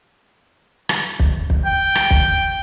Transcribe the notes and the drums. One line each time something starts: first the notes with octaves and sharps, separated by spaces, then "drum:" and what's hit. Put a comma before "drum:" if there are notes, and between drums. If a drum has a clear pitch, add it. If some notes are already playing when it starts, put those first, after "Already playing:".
drum: rim click
drum: kick
drum: kick
G5
drum: rim click
drum: kick